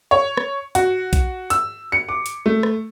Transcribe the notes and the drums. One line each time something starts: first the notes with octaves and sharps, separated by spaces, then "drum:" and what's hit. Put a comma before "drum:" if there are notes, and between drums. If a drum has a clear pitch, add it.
C#5
drum: rim click
F#4, drum: hi-hat
drum: kick A#1, hi-hat
E6, drum: hi-hat
C#7
D6
drum: hi-hat
A3
drum: rim click